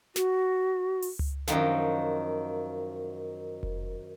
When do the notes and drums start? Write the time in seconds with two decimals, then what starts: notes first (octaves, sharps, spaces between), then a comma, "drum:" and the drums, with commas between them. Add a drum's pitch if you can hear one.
0.16 F#4, drum: snare
1.02 drum: open hi-hat
1.19 drum: tom C#2
1.48 F#2 D#3 F3, drum: snare
3.63 drum: kick F1